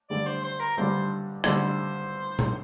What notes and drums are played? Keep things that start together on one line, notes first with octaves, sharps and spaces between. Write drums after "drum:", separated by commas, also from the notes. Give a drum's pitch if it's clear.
G2 D3 G3 D5
C5
C5
A#4
G2 D3 G3 C5
G2 D3 G3 C5, drum: rim click
drum: tom A#2